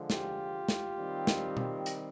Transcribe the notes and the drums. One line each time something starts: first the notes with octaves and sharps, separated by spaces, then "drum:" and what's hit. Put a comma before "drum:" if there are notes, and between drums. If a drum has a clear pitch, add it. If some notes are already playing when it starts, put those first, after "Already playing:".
Already playing: D3 F3 G#3
F4 G4, drum: snare
drum: snare
D#3 G3 C4
drum: snare
drum: tom B2
drum: hi-hat